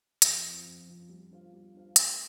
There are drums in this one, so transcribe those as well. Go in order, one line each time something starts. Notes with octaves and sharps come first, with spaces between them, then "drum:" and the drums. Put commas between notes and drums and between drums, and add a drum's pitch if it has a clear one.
F2, drum: hi-hat
F3 C4
F2
F3 C4
G3
D4 F4 C5 F5
G3
D4 F4 C5 F5
A3, drum: hi-hat